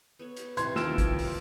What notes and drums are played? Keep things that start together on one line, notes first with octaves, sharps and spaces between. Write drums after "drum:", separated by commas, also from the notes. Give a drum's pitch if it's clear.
B3 A4 C#5
drum: hi-hat
C3 E3 C6 G#6, drum: hi-hat
D#2 A3 F4 E6 F6 D7 E7, drum: snare
drum: kick, hi-hat
drum: open hi-hat